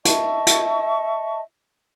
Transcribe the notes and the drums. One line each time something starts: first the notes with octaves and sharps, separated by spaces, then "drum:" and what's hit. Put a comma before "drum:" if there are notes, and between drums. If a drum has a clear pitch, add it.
D#5 E5 A5 C#6, drum: hi-hat
drum: hi-hat